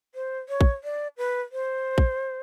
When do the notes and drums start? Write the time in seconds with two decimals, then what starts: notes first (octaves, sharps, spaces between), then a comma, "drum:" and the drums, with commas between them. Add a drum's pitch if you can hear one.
0.15 C5
0.49 C#5
0.61 drum: kick
0.84 D5
1.18 B4
1.52 C5
1.98 drum: kick